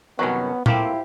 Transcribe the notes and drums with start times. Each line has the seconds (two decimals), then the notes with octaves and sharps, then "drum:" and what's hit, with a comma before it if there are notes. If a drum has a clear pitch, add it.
0.19 C2 F#2 D#3 F#3 B3 C#4
0.66 F3 A3 A#3 C4 E4 G4 F5, drum: tom A#2